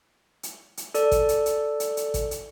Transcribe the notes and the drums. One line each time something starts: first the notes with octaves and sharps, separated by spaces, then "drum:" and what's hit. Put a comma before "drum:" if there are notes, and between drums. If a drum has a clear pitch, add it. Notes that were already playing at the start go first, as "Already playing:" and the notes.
drum: hi-hat
drum: hi-hat
A4 D5, drum: hi-hat
drum: kick, hi-hat
drum: hi-hat
drum: hi-hat
drum: hi-hat
drum: hi-hat
drum: kick, hi-hat
drum: hi-hat